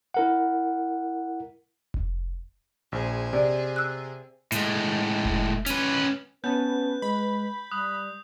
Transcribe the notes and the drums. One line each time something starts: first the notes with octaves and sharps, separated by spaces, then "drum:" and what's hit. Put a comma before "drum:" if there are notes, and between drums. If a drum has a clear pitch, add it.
E4 A#4 F#5
drum: kick F1
A#1 G#4 C5
C3 D5
E6 F#6
A2 G#3, drum: hi-hat
drum: kick F1
C#4 B4, drum: hi-hat
B3 C#4 B4 A5 G6
G#3 B5
G3 D#6 F#6